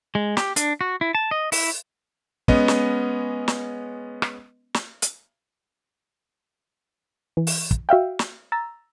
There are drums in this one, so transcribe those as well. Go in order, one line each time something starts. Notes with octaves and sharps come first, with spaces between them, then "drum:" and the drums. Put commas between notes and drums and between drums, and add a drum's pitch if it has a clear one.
G#3
G4, drum: snare
D4, drum: hi-hat
F#4
E4
A5
D#5
E4, drum: open hi-hat
G#3 B3 C#4 D#5, drum: kick
drum: snare
drum: snare
drum: rim click
drum: snare
drum: hi-hat
E3
drum: open hi-hat
drum: kick
F#4 E5 F5 G5
drum: snare
A#5 E6 A6